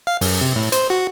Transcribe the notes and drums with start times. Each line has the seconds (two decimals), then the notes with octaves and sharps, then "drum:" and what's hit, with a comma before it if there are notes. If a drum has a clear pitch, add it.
0.07 F5
0.21 F#2, drum: open hi-hat
0.41 C3
0.56 A2
0.72 C5, drum: hi-hat
0.90 F#4